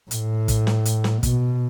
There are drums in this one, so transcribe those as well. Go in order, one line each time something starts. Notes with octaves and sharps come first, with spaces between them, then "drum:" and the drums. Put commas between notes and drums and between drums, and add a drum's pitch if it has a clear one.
A2, drum: hi-hat
drum: kick, hi-hat
drum: snare
drum: hi-hat
drum: snare
B2, drum: kick, hi-hat